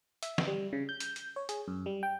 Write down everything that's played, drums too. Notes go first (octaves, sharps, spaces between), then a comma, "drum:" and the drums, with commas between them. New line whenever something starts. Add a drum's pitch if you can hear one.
E5, drum: hi-hat
drum: snare
G3
C#3
G6
drum: hi-hat
drum: hi-hat
C#5
G#4, drum: hi-hat
F#2
G3
G5